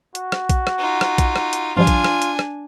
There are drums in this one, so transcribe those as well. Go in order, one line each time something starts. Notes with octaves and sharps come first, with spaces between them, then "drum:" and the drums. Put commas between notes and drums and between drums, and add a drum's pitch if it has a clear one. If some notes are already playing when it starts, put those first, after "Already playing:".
F#4, drum: hi-hat
drum: rim click
drum: kick A#1, hi-hat
drum: rim click
D#4 F4
drum: rim click
drum: kick A#1, hi-hat
drum: rim click
drum: hi-hat
G2 F3 G3 D4 F4 G#5
drum: kick A#1, hi-hat
drum: rim click
drum: hi-hat
drum: rim click